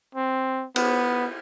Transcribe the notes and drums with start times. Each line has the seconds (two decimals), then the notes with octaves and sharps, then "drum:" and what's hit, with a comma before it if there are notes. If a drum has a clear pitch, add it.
0.15 C4
0.76 B3, drum: cymbal